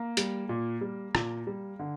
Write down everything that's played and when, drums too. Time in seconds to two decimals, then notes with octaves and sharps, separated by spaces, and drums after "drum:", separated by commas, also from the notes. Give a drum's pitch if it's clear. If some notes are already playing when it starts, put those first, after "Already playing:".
Already playing: A#3
0.17 G3, drum: hi-hat
0.49 A#2
0.81 G3
1.15 A#2, drum: rim click
1.47 G3
1.79 D3